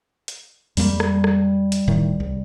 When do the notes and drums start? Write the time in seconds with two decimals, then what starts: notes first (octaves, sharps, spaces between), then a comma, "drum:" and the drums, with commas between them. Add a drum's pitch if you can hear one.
0.28 drum: hi-hat
0.77 F2 G3 G#3 A#3, drum: open hi-hat
1.00 drum: rim click
1.24 drum: rim click
1.72 drum: hi-hat
1.87 D1 A2 D#3
2.20 C2